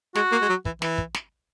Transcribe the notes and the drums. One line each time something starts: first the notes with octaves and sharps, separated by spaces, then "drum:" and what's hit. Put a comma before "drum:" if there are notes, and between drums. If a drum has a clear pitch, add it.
G#3 F#4, drum: snare
A#3
G#3
F#3
E3, drum: kick
E3, drum: snare
drum: kick
drum: snare